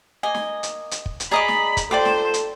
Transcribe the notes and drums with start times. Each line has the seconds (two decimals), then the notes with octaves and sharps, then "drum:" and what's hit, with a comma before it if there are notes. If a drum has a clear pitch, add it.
0.23 A#3 D#5 G#5
0.34 drum: snare
0.63 drum: hi-hat
0.91 drum: hi-hat
1.06 drum: kick
1.20 drum: hi-hat
1.31 G#4 D5 D#5 A#5 B5 D6 D#6
1.48 drum: snare
1.77 drum: kick, hi-hat
1.91 F4 A4 C5 D5 G5 D6
2.05 drum: snare
2.34 drum: hi-hat